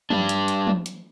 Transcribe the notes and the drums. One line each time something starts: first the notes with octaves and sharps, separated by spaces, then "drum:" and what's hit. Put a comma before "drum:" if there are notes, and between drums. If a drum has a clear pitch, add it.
G3 D4, drum: tom
drum: hi-hat
drum: hi-hat
drum: tom
drum: hi-hat